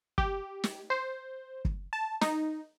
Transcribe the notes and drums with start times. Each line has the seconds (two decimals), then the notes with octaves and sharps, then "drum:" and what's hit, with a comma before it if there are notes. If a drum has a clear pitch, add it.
0.18 G4, drum: kick
0.64 drum: snare
0.90 C5
1.65 drum: kick
1.93 A5
2.21 D#4, drum: snare